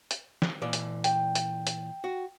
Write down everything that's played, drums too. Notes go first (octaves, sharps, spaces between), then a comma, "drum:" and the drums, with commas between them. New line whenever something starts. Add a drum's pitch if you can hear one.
drum: hi-hat
drum: snare
A#2 E3 D5
drum: hi-hat
G5, drum: hi-hat
drum: hi-hat
drum: hi-hat
F#4